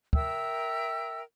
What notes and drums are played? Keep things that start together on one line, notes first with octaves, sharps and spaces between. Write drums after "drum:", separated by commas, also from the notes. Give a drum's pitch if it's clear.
A#4 E5 G5 E6, drum: kick